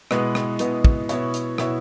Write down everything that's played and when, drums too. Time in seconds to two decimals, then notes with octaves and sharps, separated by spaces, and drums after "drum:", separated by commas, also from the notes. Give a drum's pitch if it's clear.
0.11 B2 G#3 B3 E4 B4, drum: rim click
0.35 drum: rim click
0.59 B2 G#3 B3 E4 B4, drum: hi-hat
0.85 drum: kick
1.09 B2 B3 E4 C#5 E5, drum: hi-hat
1.34 drum: hi-hat
1.58 B2 B3 E4 C#5 E5, drum: rim click